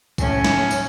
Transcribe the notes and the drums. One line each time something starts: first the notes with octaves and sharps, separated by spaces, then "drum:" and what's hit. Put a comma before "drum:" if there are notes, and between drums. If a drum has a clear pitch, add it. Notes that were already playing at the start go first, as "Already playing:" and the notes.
A2 C#4, drum: kick B1, tambourine
drum: snare
drum: tambourine